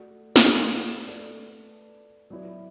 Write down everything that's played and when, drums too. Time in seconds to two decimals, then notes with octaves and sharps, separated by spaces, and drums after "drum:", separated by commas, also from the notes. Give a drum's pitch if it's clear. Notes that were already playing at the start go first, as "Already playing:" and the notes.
Already playing: A3 F#4 D5
0.36 drum: snare
1.07 A3 F#4 B4 D5
2.30 F#3 B3 E4 D5